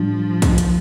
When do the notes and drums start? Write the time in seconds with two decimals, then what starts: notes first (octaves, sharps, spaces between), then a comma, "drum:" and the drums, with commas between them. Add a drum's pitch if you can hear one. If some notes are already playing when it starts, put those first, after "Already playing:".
Already playing: A2 F3 G3 D4
0.42 drum: kick, hi-hat
0.58 drum: hi-hat